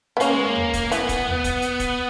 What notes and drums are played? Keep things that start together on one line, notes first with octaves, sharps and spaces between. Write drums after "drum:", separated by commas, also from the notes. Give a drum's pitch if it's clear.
B3
A#3 C#4, drum: hi-hat
G#3
A#3
drum: tom
drum: kick E1, hi-hat
E3 B3, drum: hi-hat
drum: kick E1, hi-hat
drum: tom
drum: kick E1, hi-hat
drum: hi-hat
drum: kick E1, hi-hat